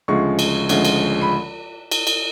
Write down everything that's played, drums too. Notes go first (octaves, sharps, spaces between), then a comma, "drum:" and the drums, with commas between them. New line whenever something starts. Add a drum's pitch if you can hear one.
D2 C#3 F3 G#3 C#6
drum: cymbal
D2 C#3 F3 G#3, drum: cymbal
drum: cymbal
B5
drum: cymbal
drum: cymbal